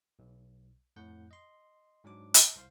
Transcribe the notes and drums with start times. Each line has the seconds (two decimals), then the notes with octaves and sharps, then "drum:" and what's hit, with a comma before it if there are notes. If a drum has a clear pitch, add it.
0.19 B1
0.96 F2 A2 F#5 G6
1.31 D#5 C6
2.04 G#2 F#3 D4 D6
2.34 A#5, drum: hi-hat
2.56 C2 C5 F5 C6